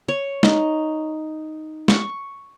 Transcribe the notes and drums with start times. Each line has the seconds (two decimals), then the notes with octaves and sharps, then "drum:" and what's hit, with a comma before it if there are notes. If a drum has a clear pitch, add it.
0.08 C#5
0.43 D#4, drum: snare
1.88 C#6, drum: snare